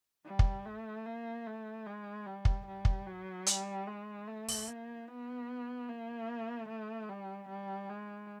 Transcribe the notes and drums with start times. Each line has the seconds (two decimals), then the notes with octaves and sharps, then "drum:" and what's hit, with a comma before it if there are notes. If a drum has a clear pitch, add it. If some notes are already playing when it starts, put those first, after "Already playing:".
0.26 G3
0.39 drum: kick
0.65 A3
1.06 A#3
1.47 A3
1.86 G#3
2.26 G3
2.45 drum: kick
2.67 G3
2.85 drum: kick
3.07 F#3
3.46 G3, drum: hi-hat
3.87 G#3
4.27 A3
4.49 drum: open hi-hat
4.68 A#3
5.08 B3
5.89 A#3
6.69 A3
7.09 G3
7.49 G3
7.89 G#3